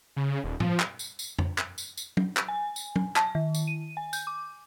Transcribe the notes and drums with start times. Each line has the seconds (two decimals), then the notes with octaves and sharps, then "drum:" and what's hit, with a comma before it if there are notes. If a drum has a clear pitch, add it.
0.16 C#3
0.44 D#1
0.60 F3, drum: tom
0.80 drum: clap
0.99 drum: tambourine
1.19 drum: tambourine
1.39 drum: tom F2
1.58 drum: clap
1.78 drum: tambourine
1.97 drum: tambourine
2.17 drum: tom
2.37 drum: clap
2.48 G#5
2.76 drum: tambourine
2.96 drum: tom
3.16 A5, drum: clap
3.35 D#3
3.55 drum: tambourine
3.68 D#7
3.97 G#5
4.13 G6, drum: tambourine
4.27 D6